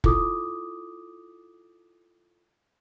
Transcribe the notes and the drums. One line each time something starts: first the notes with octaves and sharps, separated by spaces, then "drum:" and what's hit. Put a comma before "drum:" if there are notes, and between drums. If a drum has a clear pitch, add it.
E4 F4 A4 D6 D#6, drum: kick